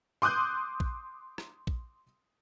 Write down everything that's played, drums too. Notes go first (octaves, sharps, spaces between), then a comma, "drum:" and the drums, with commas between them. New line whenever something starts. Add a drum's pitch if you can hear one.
C6 D6 D#6 F#6 G6
drum: kick A#1
drum: rim click
drum: kick A#1